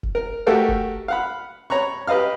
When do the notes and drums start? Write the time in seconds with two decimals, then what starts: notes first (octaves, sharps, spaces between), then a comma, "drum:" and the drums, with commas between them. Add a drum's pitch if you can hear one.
0.03 drum: kick
0.15 A#4
0.47 A3 F#4 G4 A4 A#4 F5
0.69 drum: kick
1.08 F5 F#5 B5
1.70 C#5 A#5 B5 C#6
2.07 G4 B4 D#5 F5 F6